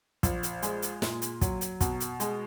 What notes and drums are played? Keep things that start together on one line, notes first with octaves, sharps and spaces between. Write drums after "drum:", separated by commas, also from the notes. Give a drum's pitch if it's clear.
A#1, drum: kick, hi-hat
drum: hi-hat
G#3, drum: hi-hat
drum: hi-hat
A#2, drum: snare
drum: hi-hat
F#3, drum: kick, hi-hat
drum: hi-hat
B2, drum: kick, hi-hat
drum: hi-hat
G#3, drum: hi-hat